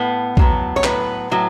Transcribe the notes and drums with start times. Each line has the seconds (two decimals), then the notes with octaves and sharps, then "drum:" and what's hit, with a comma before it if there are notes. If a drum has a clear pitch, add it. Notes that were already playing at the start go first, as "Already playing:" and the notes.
Already playing: A2 B3
0.37 A2 F#3 B3, drum: kick
0.76 C#5
0.84 A2 F#3 B3 B4, drum: clap
1.31 A2 F#3 B3